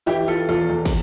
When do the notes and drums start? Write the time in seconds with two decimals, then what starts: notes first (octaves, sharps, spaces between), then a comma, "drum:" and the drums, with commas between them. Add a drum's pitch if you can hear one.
0.06 E3 E4 G4
0.28 E3 F4 A4
0.49 E2 F4 A4
0.70 E2
0.85 drum: kick, cymbal